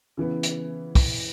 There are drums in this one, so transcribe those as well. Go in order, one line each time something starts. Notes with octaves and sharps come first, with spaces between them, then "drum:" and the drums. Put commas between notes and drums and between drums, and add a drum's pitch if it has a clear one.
C#3 E3 B3
drum: hi-hat
drum: kick, open hi-hat